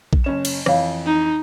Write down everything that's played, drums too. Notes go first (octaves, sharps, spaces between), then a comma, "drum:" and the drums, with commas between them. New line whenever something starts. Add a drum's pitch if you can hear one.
drum: kick A#1
F#1 C#4 E7
drum: cymbal
F2 E3 C#5 F5, drum: rim click
D#4